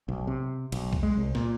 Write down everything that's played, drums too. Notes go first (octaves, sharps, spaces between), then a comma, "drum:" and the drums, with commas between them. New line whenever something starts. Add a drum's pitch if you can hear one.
B1
C3
B1, drum: cymbal
drum: kick B1
G#3
C2
A#2, drum: snare